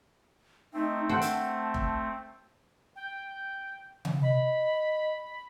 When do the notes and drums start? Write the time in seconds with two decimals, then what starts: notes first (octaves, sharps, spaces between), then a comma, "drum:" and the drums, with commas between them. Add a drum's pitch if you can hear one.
0.74 A3 C4 D#4
1.09 C5 F#5 G5 A5
1.22 drum: hi-hat
1.74 drum: kick F1
2.96 G5
4.05 drum: tom C3
4.22 D#5 B5